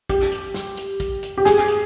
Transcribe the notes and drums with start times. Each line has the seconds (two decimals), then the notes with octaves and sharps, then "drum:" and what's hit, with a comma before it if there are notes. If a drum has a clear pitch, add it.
0.09 G4, drum: kick, hi-hat
0.32 drum: hi-hat
0.54 drum: snare
0.77 drum: hi-hat
1.00 drum: kick, hi-hat
1.23 drum: hi-hat
1.38 G4
1.45 G#4, drum: snare
1.68 drum: hi-hat